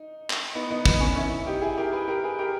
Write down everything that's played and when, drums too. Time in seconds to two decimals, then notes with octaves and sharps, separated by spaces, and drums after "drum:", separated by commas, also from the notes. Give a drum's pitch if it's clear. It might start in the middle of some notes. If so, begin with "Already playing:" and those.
Already playing: D#4
0.30 drum: clap
0.55 B3 D#4
0.71 B3 D#4
0.85 B3 D#4, drum: kick
1.00 C#4
1.16 C#4 E4
1.47 D#4 G4
1.62 E4 G#4
1.77 G4 A#4
1.92 G#4 B4
2.08 G4 A#4
2.24 G#4 B4
2.39 G4 A#4